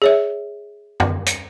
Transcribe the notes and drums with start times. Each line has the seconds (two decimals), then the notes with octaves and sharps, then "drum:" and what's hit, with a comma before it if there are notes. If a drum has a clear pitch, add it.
0.02 G#4 C#5 E5
1.00 drum: tom F#2
1.26 drum: hi-hat